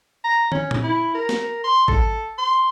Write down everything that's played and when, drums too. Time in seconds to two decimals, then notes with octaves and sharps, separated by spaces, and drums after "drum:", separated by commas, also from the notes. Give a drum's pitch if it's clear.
0.24 A#5
0.52 C#4, drum: tom
0.71 drum: tom A#2
0.83 E4
1.14 A#4
1.29 drum: snare
1.64 C6
1.88 A4, drum: kick A1
2.38 C6